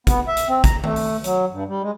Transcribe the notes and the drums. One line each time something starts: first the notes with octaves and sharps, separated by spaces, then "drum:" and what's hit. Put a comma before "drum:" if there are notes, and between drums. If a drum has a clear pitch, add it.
B3, drum: kick, hi-hat
E5
drum: hi-hat
C4
A#5, drum: kick, hi-hat
A3, drum: tom D#3
drum: open hi-hat
F#3, drum: hi-hat
G2
G3
G#3